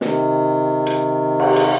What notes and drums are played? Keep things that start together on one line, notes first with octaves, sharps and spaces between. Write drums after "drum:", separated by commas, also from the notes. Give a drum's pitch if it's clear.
C3 D#3, drum: snare
drum: hi-hat
drum: cymbal
drum: hi-hat